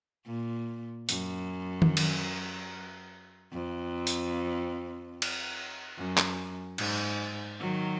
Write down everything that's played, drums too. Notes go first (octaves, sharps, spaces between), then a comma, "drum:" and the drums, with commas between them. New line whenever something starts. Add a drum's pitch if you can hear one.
A#2
F#2, drum: hi-hat
drum: tom D#3
drum: cymbal
F2
drum: hi-hat
drum: cymbal
F#2
drum: clap
G#2, drum: cymbal
D#3 F#3